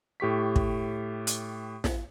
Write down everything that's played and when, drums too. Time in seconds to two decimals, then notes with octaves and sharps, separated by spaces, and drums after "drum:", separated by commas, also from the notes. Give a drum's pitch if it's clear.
0.20 A2 G4 C#6 B6
0.56 drum: kick
1.27 drum: hi-hat
1.84 drum: snare